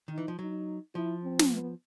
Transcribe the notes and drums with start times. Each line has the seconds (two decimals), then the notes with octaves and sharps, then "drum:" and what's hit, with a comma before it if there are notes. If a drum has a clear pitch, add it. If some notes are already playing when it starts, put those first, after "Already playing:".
0.08 D#3 D#4
0.18 E3
0.28 F3
0.39 F#3 D#4
0.95 F3 E4
1.23 C4
1.39 drum: snare
1.51 B3